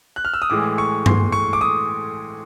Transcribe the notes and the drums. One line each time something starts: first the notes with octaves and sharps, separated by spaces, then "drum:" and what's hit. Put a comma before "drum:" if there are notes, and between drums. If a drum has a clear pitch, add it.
F#6
F6
E6
D#6
A2 E3 G#3 D6
C#6
C6, drum: tom G2
C#6
D6
D#6